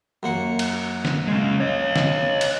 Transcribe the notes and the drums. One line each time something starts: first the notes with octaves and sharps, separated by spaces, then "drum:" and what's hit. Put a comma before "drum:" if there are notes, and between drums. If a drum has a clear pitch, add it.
F#2 A#3 F#5
drum: cymbal
drum: snare
G#3 C#4
C#5 D#5
drum: snare
drum: cymbal